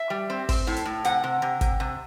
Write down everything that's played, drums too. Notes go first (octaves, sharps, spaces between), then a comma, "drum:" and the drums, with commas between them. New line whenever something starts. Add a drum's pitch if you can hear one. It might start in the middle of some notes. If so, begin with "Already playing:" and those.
Already playing: E5
G3
C4
C4, drum: kick, open hi-hat
A2
drum: hi-hat
A2
C3 F#5, drum: hi-hat
C3
C3
C3, drum: kick, hi-hat
C3